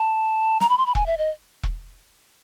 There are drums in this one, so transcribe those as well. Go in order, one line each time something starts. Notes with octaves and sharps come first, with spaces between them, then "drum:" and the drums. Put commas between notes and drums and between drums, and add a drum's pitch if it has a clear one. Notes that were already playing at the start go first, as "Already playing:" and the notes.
Already playing: A5
A#5, drum: snare
B5
C6
B5
G#5, drum: kick E1
E5
D#5
drum: kick E1